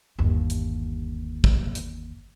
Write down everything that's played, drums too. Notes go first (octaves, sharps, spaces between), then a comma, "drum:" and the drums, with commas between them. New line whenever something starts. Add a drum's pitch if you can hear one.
G1 D#2
drum: hi-hat
drum: kick
drum: hi-hat